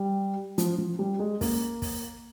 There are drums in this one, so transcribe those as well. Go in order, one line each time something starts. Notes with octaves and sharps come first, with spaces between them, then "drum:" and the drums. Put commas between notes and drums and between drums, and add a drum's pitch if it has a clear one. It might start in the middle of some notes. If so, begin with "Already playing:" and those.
Already playing: G3
F3, drum: hi-hat
F3
G3
G#3
A#3, drum: kick, open hi-hat
drum: kick, open hi-hat